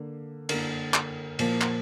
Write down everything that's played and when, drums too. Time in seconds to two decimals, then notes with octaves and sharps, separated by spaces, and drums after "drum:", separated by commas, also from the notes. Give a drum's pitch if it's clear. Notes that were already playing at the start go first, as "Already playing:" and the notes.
Already playing: D3 A#3
0.49 D3 A#3 A#4, drum: cymbal
0.94 drum: clap
1.39 A#2 F3 A#3, drum: cymbal
1.61 drum: clap